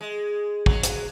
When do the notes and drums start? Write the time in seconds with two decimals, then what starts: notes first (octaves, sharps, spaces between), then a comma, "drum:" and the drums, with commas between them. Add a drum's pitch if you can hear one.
0.01 G#3
0.66 F#3 G#3, drum: kick
0.83 drum: hi-hat